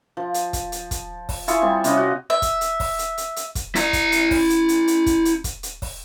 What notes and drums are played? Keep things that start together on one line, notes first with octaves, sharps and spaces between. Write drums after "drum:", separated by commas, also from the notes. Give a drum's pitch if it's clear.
F3
drum: hi-hat
drum: kick, hi-hat
drum: hi-hat
drum: kick, hi-hat
drum: kick, open hi-hat
E4 F4 G#4 C#6, drum: hi-hat
G3 C4
C3 C#4 D#5 F5, drum: hi-hat
F#4
E5
drum: kick, hi-hat
drum: hi-hat
drum: kick, open hi-hat
drum: hi-hat
drum: hi-hat
drum: hi-hat
drum: kick, hi-hat
E4 A#5, drum: hi-hat
drum: kick, hi-hat
drum: hi-hat
drum: kick, open hi-hat
drum: hi-hat
drum: hi-hat
drum: hi-hat
drum: kick, hi-hat
drum: hi-hat
drum: kick, hi-hat
drum: hi-hat
drum: kick, open hi-hat